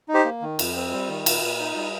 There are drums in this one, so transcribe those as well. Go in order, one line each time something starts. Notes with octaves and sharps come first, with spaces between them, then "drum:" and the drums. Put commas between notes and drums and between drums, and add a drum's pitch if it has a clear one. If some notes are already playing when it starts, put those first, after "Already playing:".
D#4
G4 C5
A#3
D#3
F2, drum: cymbal
C4
G3
D#3
A#2, drum: cymbal
A#2
D#4
G3